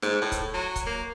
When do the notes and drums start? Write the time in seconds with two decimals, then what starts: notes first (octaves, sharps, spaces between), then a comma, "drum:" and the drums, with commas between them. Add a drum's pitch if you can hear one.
0.02 G#2, drum: snare
0.21 A2
0.32 drum: kick C#1, hi-hat
0.54 F#3
0.76 drum: kick C#1, hi-hat
0.86 A#3